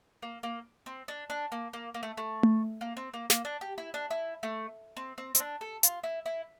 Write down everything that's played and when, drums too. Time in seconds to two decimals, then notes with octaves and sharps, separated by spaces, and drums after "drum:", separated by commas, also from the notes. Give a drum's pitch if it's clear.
0.22 A#3
0.43 A#3
0.86 C4
1.08 D4
1.30 D4
1.52 A#3
1.73 A#3
1.94 A#3
2.03 A3
2.17 A3
2.43 drum: tom A3
2.81 A#3
2.97 C4
3.14 A#3
3.30 A#3, drum: snare
3.45 D4
3.61 G4
3.78 E4
3.94 D4
4.11 E4
4.43 A3
4.97 C4
5.18 C4
5.35 C4, drum: hi-hat
5.40 D4
5.61 A4
5.83 F4, drum: hi-hat
6.04 E4
6.26 E4